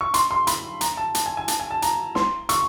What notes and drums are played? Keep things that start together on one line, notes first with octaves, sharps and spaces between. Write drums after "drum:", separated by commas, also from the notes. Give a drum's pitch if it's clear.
C#6
C6, drum: hi-hat
C6
B5, drum: hi-hat
A#5, drum: hi-hat
A5
A5, drum: hi-hat
G#5
G#5
A5, drum: hi-hat
G#5
A5
A#5, drum: hi-hat
C6, drum: snare
C#6, drum: hi-hat